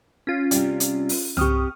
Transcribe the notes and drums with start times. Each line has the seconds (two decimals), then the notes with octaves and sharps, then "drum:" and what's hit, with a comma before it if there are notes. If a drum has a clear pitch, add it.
0.27 C#4 F4
0.51 C3 G3, drum: hi-hat
0.80 drum: hi-hat
1.09 drum: open hi-hat
1.37 C4 G4 C#6 D#6 F6, drum: tom C2